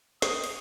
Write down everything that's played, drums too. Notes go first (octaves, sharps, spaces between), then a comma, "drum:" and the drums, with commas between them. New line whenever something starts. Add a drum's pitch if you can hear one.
D#6, drum: snare
drum: cymbal